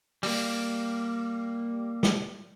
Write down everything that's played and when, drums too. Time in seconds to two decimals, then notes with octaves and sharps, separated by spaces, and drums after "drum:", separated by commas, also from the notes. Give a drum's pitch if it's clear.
0.23 G3 A#3, drum: open hi-hat
2.03 drum: snare